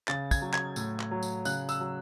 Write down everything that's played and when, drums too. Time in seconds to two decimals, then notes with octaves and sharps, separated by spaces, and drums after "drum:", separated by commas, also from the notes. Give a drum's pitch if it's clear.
0.08 C#3 A6, drum: clap
0.31 G#6, drum: kick, tambourine
0.42 F#3
0.53 G#6, drum: clap
0.76 A2, drum: tambourine
1.00 drum: clap
1.11 F#3
1.23 drum: tambourine
1.45 C#3 F#6, drum: tambourine
1.69 E6, drum: tambourine
1.80 F#3